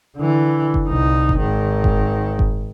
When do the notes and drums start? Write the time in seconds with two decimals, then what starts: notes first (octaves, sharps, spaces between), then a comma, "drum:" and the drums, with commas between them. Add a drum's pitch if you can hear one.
0.17 D3 E3
0.74 drum: kick F#1
0.88 C2 D#4
1.29 drum: kick F#1
1.39 G#1 D#3
1.84 drum: kick F#1
2.39 drum: kick F#1